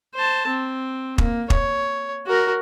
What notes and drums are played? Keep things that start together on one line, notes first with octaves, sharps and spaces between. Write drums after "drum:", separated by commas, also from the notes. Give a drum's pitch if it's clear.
C5 A5
C4
A#3, drum: kick
C#5, drum: kick
F#4 A#4